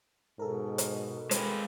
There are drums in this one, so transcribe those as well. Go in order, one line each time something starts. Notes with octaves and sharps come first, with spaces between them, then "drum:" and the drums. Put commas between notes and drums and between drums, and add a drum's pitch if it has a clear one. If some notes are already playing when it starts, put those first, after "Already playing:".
G#2 B2 A4 A#4
drum: hi-hat
G#3 B4, drum: hi-hat